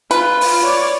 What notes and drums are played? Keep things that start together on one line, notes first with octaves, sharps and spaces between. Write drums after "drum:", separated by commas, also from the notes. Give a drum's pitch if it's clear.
F4 B4, drum: hi-hat
drum: open hi-hat
C#5 D5